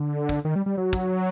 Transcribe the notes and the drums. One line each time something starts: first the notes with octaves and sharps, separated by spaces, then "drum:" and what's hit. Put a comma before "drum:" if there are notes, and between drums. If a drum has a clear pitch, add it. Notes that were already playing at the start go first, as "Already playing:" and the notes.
Already playing: D3
drum: kick
D#3
G3
G3
F#3
drum: kick